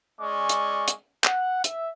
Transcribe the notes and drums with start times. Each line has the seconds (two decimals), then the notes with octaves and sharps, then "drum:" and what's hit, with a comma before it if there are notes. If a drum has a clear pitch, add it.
0.20 G#3 C#4 D5 C#6
0.49 drum: hi-hat
0.88 drum: hi-hat
1.24 F#5, drum: clap
1.64 E5, drum: hi-hat